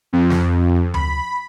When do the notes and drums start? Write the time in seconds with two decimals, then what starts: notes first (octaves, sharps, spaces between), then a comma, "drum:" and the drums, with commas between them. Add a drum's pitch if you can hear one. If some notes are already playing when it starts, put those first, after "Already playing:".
0.13 F2
0.30 drum: snare
0.94 B5, drum: tom D2